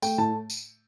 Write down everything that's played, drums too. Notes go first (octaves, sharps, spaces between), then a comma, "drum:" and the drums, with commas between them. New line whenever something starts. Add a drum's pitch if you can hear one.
A3 G5, drum: tambourine
A2 A5
drum: tambourine